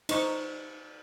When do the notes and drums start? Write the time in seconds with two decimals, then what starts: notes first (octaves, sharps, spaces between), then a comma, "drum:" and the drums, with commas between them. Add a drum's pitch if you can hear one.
0.09 D#4 C5 C#6, drum: cymbal